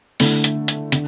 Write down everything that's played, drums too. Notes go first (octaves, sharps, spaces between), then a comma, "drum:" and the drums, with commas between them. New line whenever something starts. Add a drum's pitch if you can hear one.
D3 A3 E4, drum: open hi-hat
drum: hi-hat
drum: hi-hat
D3, drum: hi-hat